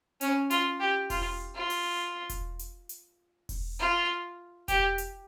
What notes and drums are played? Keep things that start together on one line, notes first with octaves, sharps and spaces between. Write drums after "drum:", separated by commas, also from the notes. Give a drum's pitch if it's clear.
C#4, drum: hi-hat
F4, drum: hi-hat
G4
F4, drum: kick E1, open hi-hat
F4
drum: open hi-hat
drum: kick E1, hi-hat
drum: hi-hat
drum: hi-hat
drum: kick E1, open hi-hat
F4
G4, drum: kick E1, hi-hat
drum: hi-hat